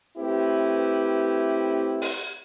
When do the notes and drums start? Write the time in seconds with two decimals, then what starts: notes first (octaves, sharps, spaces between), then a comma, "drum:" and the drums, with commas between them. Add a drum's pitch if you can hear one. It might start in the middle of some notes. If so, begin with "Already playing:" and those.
0.17 A3 C4 E4 G4 B4
2.02 drum: open hi-hat